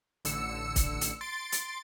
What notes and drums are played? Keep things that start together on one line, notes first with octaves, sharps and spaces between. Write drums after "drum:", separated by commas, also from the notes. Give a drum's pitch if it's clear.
A1 D3 E6 C#7, drum: hi-hat
drum: kick, hi-hat
drum: hi-hat
C6 A6 D7
drum: hi-hat